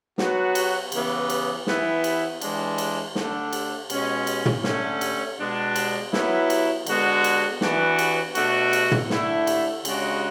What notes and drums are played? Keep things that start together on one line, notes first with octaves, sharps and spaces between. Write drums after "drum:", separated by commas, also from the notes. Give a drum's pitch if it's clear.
F#3 B3 F#4, drum: snare
drum: cymbal
C#3 E3 B3, drum: cymbal
drum: cymbal
E3 B3 E4, drum: snare
drum: cymbal
E3 G#3 D4, drum: cymbal
drum: cymbal
D3 A3 D4, drum: snare
drum: cymbal
B2 G#3 C#4, drum: cymbal
drum: cymbal
drum: tom
D3 A3 C#4, drum: snare
drum: cymbal
B2 G#3 D4
drum: cymbal
F#3 B3 E4, drum: snare
drum: cymbal
D3 G#3 B3 F#4, drum: cymbal
drum: cymbal
E3 B3 D4 F#4, drum: snare
drum: cymbal
B2 A3 D4 F#4, drum: cymbal
drum: cymbal
drum: tom
D3 A3 E4, drum: snare
drum: cymbal
C#3 G#3 D4 F#4, drum: cymbal